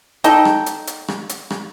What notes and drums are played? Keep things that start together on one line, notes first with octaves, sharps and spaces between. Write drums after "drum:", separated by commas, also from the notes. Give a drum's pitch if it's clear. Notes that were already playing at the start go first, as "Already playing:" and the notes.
D#4 A4 D#5 G5, drum: hi-hat
drum: rim click
drum: hi-hat
drum: hi-hat
drum: rim click
drum: hi-hat
drum: rim click